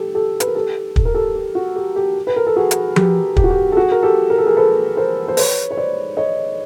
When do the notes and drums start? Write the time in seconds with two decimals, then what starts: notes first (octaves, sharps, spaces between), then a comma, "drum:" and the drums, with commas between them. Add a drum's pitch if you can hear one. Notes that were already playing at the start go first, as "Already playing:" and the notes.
Already playing: G4 A4
0.14 G4 A4
0.40 B4, drum: hi-hat
0.47 A#4
0.55 G4 A4
0.96 A4, drum: kick
1.05 A#4
1.14 G4 A4
1.35 G4
1.55 F#4
1.76 G4
1.96 G4
2.27 B4
2.36 A#4
2.47 A4
2.56 F#4 G#4
2.71 drum: hi-hat
2.96 G4, drum: tom F3
3.36 G4, drum: kick
3.44 F#4
3.50 G4
3.72 A4
3.76 F#4 G#4
3.91 A#4
4.03 G4 A4
4.30 A#4
4.38 A4
4.46 G#4 A#4
4.57 A4 B4
4.97 A#4 C5
5.28 C5
5.37 B4 C#5, drum: open hi-hat
5.71 C#5
5.77 C5 D5
6.17 C#5 D#5